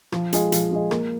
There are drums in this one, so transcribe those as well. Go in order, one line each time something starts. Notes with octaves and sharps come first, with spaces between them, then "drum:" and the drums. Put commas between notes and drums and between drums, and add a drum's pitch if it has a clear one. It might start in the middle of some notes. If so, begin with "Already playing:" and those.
F3, drum: rim click
G#3 F4 G#4 D#5, drum: hi-hat
F3, drum: hi-hat
G#3 F4 G#4 D#5
A#3, drum: rim click